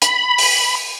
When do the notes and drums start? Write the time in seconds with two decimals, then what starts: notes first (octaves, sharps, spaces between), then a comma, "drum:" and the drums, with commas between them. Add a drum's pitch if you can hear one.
0.02 B5, drum: hi-hat
0.38 drum: open hi-hat